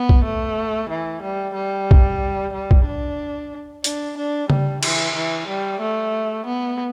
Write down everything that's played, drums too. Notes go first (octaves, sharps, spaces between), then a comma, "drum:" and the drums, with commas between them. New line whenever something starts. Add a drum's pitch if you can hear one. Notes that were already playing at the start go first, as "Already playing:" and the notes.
Already playing: B3
drum: kick B1
A3
E3
G3
G3
drum: kick B1
G3
drum: kick B1
D4
D4, drum: hi-hat
D4
G3, drum: tom C#3
E3, drum: cymbal
E3
G3
A3
B3